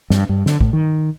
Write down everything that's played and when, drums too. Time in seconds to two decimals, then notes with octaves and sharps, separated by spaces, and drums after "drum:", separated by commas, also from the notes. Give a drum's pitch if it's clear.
0.10 G2, drum: snare
0.29 G2
0.46 D3, drum: snare
0.60 A2, drum: kick
0.73 D#3